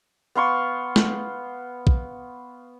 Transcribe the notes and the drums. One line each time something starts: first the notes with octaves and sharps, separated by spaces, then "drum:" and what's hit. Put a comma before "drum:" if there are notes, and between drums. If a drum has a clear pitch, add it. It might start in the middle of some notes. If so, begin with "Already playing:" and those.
B3 F5 C6 C#6
drum: snare
drum: kick